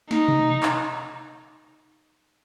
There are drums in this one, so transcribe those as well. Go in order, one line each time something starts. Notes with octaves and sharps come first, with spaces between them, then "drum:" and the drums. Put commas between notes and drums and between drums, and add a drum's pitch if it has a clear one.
D#4, drum: snare
drum: tom B2
drum: clap